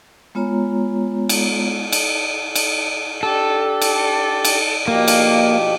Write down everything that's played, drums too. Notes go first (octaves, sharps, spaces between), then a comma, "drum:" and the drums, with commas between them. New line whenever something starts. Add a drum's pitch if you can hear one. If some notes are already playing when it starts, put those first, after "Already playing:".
G#3 B3 F4 C#5 A#5
drum: cymbal
drum: cymbal
drum: cymbal
D4 G4 A4
drum: cymbal
drum: cymbal
B2 F3 A#3 G4
drum: cymbal